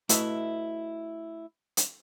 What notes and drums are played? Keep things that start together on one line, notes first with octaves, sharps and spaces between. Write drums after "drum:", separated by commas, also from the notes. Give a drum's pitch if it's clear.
A3 E4 F#4 B4 D#5 E5, drum: hi-hat
drum: hi-hat